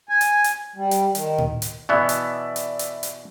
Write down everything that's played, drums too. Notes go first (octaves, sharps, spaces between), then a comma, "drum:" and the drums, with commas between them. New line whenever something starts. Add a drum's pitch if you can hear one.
G#5
drum: hi-hat
drum: hi-hat
G3
drum: hi-hat
D#3, drum: hi-hat
drum: tom A2
drum: hi-hat
B2 E3 B3 D5 E5
drum: hi-hat
drum: hi-hat
drum: hi-hat
drum: hi-hat